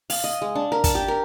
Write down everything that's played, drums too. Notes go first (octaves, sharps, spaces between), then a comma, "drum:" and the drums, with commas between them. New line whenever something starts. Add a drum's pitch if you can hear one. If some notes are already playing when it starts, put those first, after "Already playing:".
F5, drum: open hi-hat
D#5
G#3
D4
A#4
A5, drum: kick, hi-hat
G4
A#4